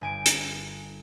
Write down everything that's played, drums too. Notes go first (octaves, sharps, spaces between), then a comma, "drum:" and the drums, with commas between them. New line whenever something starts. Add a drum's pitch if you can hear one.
G1 G#5 D7
drum: hi-hat